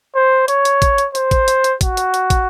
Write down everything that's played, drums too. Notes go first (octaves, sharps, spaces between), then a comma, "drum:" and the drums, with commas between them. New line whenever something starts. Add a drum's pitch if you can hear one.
C5
C#5, drum: hi-hat
drum: hi-hat
drum: kick, hi-hat
drum: hi-hat
C5, drum: hi-hat
drum: kick, hi-hat
drum: hi-hat
drum: hi-hat
F#4, drum: kick, hi-hat
drum: hi-hat
drum: hi-hat
drum: kick, hi-hat